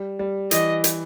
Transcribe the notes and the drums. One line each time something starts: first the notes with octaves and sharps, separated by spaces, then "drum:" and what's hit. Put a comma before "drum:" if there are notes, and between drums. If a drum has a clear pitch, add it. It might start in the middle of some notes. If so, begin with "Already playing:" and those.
Already playing: G3
G3
E3 D#5, drum: hi-hat
drum: hi-hat